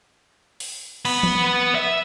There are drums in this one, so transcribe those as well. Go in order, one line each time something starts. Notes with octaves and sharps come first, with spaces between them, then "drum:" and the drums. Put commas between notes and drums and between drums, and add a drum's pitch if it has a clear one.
drum: open hi-hat
B3 B5, drum: cymbal
drum: tom
E5